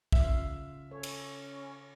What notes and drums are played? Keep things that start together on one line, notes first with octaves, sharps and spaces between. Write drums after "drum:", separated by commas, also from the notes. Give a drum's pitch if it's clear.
C#3 F4 E5 F5, drum: kick
C#4 A4 C#5
drum: cymbal